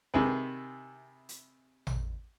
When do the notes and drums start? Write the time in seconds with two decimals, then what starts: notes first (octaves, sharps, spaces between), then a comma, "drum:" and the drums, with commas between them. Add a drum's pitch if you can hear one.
0.14 C3 D#3 E4 G#4 B4, drum: kick
1.29 drum: hi-hat
1.87 drum: tom A1